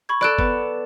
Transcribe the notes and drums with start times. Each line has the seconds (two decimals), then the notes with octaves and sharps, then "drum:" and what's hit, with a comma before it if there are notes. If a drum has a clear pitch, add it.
0.09 B5 C#6 G#6
0.21 A4 D5 B5 F#6 D7
0.39 B3, drum: kick